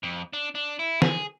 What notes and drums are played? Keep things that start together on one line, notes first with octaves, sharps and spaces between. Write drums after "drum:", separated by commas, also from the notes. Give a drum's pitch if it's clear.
F2
D4
D4
E4
G#4, drum: snare